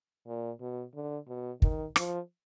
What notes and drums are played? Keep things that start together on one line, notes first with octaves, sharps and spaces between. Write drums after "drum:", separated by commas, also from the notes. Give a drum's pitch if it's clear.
A#2
B2
D3
B2
D#3, drum: kick
F3, drum: rim click